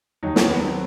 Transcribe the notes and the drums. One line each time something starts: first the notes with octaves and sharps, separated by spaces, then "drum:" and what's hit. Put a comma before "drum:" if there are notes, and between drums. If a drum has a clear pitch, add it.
D#2 D#3 F#3 D#4
C4, drum: snare
B3
D#3 F#3 C4